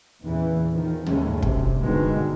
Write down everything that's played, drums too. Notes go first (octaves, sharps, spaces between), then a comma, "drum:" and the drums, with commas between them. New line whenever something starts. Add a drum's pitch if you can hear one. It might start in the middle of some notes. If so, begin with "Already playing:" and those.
E2 A#2 C#3 E3
D#3 F3
D#2 C#3 G#3 A3 C#4, drum: tom
D2 C3, drum: kick
G2 B2 D3 D#3 G#3